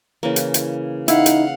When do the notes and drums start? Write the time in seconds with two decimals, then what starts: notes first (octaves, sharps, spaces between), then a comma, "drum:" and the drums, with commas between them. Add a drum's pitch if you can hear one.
0.23 C#3 E3 A#3
0.36 drum: hi-hat
0.54 drum: hi-hat
1.08 D#4 E4 F5 F#5, drum: hi-hat
1.26 drum: hi-hat